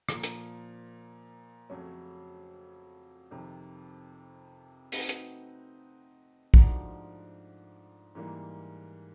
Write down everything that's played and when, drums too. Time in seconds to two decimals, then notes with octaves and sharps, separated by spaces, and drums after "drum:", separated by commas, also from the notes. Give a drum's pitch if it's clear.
0.09 A#2 F3 A#3, drum: rim click
0.23 drum: hi-hat
1.70 F2 C#3 F#3 A3 C#4
3.31 F2 C3 D#3
4.92 A3 C4 D#4 F#4 B4, drum: open hi-hat
5.09 drum: hi-hat
6.54 G#2 F3 A3 D4 F#4, drum: kick
8.15 G#2 E3 G3 A#3